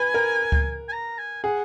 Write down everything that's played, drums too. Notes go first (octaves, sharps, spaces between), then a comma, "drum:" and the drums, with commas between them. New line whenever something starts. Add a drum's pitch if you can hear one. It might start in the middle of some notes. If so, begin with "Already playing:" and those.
Already playing: B4 G#5
A#4
drum: kick C#2
G#5
A#5
G#5
G#4 F#5